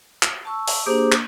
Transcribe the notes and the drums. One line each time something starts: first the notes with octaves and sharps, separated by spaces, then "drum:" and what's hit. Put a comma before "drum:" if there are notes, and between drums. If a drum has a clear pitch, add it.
drum: clap
A5 C#6 E6
drum: open hi-hat
A#3 D4 G4 G#4 C5
drum: clap